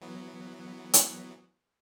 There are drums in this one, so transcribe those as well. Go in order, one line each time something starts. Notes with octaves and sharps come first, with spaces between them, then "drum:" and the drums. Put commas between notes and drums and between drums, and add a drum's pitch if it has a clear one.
E3 F#3 B3
drum: hi-hat